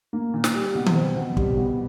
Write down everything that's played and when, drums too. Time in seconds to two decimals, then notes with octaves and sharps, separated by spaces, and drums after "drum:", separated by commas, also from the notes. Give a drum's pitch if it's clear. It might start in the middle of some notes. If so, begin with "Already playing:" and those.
0.13 A#3
0.34 A#2
0.44 drum: snare
0.54 G3
0.75 B2
0.86 drum: tom D#3
0.95 C4
1.16 B2
1.37 G3, drum: kick
1.57 B2